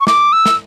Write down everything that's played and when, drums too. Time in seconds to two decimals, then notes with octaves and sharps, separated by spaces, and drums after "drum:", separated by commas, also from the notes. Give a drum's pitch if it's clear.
0.01 C#6
0.07 D6, drum: snare
0.33 E6
0.46 drum: snare